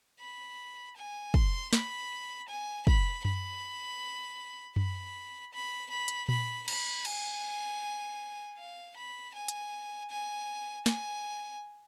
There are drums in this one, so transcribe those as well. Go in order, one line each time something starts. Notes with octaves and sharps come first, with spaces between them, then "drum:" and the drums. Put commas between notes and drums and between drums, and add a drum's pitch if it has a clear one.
B5
G#5
C6, drum: kick
B5, drum: snare
G#5
B5, drum: kick
B5, drum: tom F#2
B5, drum: tom F#2
B5
B5
drum: hi-hat
B5, drum: tom A#2
B5, drum: cymbal
G#5, drum: cymbal
F5
B5
G#5
drum: hi-hat
G#5
G#5, drum: snare